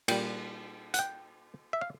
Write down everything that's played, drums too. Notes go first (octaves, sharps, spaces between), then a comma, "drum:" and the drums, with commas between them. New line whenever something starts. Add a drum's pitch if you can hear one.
A#2 G3 G5, drum: cymbal
F#5, drum: hi-hat
G5
E5
F5